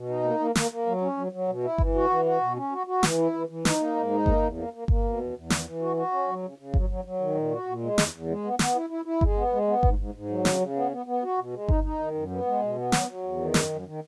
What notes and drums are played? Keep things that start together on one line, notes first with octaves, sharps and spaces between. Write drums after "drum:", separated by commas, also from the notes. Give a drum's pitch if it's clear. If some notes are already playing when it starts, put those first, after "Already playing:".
Already playing: B2
D#4
A#3
A#3
A#3, drum: snare
A#3
F#3
C#4
F#3
F#3
B2
E4
E3, drum: kick G1
F#4
E3
F#4
B2
C#4
F#4
F#4
E3, drum: snare
E4
E3
E3
D#4, drum: snare
A#3
G#2
D#4
A#3, drum: kick G1
E2
A#3
A#3
A#3, drum: kick G1
B2
E2
E2
E3, drum: snare
E3
F#4
F#4
C#4
F#3
C#3
C#3
F#3, drum: kick G1
F#3
F#3
D#3
A#2
F#4
A#2
G#3
E2, drum: snare
E2
G#3
B3
B3, drum: snare
E4
E4
E4
G#3, drum: kick G1
B3
G#3
B3
G#2, drum: kick G1
G#2
G#2
F#3
C#3, drum: snare
C#3
B3
B3
B3
F#4
B2
G#3
D#4, drum: kick G1
D#4
D#3
F#2
B3
G#3
B2
B3
F#3, drum: snare
F#3
E2
D#3
F#2, drum: snare
F#2
D#3